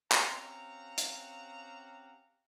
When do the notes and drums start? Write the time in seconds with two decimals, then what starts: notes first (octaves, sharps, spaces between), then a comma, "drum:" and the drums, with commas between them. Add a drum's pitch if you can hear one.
0.12 C4 C#4 G4 F5 F#5 A#5, drum: clap
0.98 drum: hi-hat